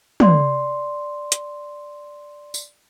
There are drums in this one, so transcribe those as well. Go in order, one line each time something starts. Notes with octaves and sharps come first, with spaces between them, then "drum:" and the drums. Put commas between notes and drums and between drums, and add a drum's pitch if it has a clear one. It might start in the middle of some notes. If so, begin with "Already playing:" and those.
D5 C6, drum: tom
drum: hi-hat
drum: tambourine